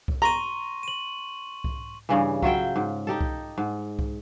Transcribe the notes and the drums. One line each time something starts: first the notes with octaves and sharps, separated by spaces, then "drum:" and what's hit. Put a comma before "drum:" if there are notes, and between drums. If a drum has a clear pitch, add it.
drum: kick C2
A#5 C6 C#6 D#7
D#7 F#7
drum: kick C2
G2 C#3 E3
F#3 F4 E5 G5, drum: kick C2
G#2
D#4 G4 A4
drum: kick C2
G#2
drum: kick C2